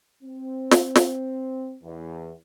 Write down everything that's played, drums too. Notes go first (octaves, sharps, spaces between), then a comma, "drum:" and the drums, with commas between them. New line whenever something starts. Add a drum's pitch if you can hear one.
C4
drum: snare
drum: snare
E2